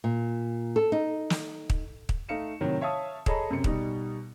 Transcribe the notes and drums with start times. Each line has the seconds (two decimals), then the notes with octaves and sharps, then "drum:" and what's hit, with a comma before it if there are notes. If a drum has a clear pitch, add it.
0.04 A#2
0.76 A4
0.92 D#4
1.30 drum: snare
1.70 drum: kick
2.09 drum: kick
2.29 A3 D#4 F5 C#7 E7
2.61 A2 C3 D#3 F#3
2.81 C#5 E5 F5 A5 D#6
3.26 G#4 A4 C#5 D#5 A#5 B5, drum: kick
3.50 F#2 C3 C#7
3.64 B2 G3 D#4, drum: kick